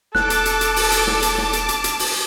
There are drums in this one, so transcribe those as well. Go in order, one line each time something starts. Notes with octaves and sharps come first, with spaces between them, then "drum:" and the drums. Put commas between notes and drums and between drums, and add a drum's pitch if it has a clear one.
E1 A4 A5 D6 F#6, drum: snare
drum: hi-hat
drum: hi-hat
drum: hi-hat
drum: open hi-hat
drum: hi-hat
drum: snare
drum: hi-hat
drum: snare
drum: hi-hat
drum: hi-hat
drum: hi-hat
drum: open hi-hat